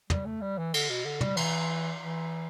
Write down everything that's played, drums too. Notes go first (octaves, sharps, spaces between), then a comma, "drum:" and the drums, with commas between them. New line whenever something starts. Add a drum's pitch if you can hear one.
G3, drum: tom
A3
G3
E3
D3, drum: cymbal
B2
D3
G3, drum: tom
E3, drum: cymbal
E3